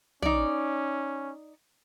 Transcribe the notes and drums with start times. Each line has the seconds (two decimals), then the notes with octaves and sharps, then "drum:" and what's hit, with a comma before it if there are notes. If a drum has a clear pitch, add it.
0.22 C#4 D#4 D5, drum: tom